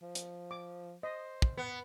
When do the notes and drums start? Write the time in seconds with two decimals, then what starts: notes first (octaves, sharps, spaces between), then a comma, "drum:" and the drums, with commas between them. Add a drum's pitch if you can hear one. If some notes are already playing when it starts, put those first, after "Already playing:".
0.02 F3
0.15 drum: hi-hat
0.51 D6
1.03 C5 D#5
1.42 drum: kick
1.57 B3